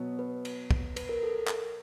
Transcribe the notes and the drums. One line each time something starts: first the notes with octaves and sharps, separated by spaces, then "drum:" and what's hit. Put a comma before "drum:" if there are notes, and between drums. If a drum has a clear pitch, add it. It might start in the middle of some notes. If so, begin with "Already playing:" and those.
Already playing: B2 F#3 B3
B4
drum: cymbal
drum: kick
B4, drum: cymbal
A#4
A4
A#4
drum: clap